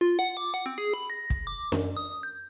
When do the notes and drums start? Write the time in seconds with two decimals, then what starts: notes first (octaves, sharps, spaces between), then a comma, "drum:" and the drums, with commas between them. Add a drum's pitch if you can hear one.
0.01 F4
0.19 F#5
0.37 D6
0.54 F#5
0.66 C4
0.78 G#4
0.94 B5
1.10 A#6
1.30 drum: kick
1.47 D6
1.72 F#2, drum: snare
1.97 D#6
2.23 G6